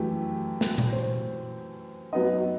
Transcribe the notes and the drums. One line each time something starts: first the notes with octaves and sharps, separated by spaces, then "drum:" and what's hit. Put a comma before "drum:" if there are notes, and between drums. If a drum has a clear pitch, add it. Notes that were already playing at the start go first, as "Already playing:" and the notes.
Already playing: F#2 E3 A3 G4
drum: snare
drum: tom A#2
C5
F#2 F#3 B3 D#4 D#5